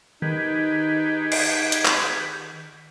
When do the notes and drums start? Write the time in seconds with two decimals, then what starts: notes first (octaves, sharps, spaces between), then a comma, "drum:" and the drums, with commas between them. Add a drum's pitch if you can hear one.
0.22 D#3 D#4 G4 G#4 B4
1.32 drum: cymbal
1.72 drum: hi-hat
1.85 drum: clap